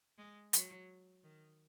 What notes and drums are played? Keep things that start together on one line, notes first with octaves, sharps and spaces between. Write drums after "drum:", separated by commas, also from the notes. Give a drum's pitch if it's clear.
G#3
F#3, drum: hi-hat
D#3